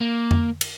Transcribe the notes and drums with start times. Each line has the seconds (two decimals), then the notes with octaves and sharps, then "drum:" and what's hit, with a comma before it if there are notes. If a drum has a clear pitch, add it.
0.01 A#3
0.31 drum: tom F2
0.61 drum: cymbal